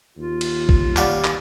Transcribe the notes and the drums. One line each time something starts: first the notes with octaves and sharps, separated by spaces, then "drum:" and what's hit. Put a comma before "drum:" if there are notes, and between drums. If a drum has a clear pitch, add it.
D#2 F4
drum: cymbal
drum: kick
G3 C#5 D5 F5 F#5, drum: clap
drum: clap